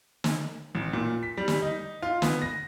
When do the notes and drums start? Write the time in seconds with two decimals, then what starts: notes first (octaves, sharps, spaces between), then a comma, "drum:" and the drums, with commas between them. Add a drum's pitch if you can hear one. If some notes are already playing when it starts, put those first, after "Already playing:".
0.24 drum: snare
0.75 A1
0.93 A#2
1.23 B6
1.37 G3
1.48 drum: snare
1.62 D#4
2.02 F4
2.22 B3, drum: snare
2.42 A#6